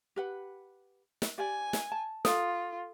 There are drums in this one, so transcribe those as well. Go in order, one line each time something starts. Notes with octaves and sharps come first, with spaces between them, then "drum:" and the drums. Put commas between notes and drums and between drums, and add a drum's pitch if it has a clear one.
G4 B4 F#5
drum: snare
G4 D5 G#5
drum: snare
A5
F4 A4, drum: snare